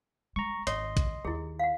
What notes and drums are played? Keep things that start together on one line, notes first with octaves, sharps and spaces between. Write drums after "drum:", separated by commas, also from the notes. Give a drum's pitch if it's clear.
G#3 A#5 C#6
G#1 C#5 D#5 C6, drum: hi-hat
drum: kick, hi-hat
D#2 E4 G#4
F5 F#5